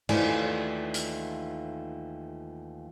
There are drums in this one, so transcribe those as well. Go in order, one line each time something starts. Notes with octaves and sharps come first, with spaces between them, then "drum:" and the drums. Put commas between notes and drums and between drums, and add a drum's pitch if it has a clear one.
D#2 E3 F3 A3 D5 G#5, drum: cymbal
drum: hi-hat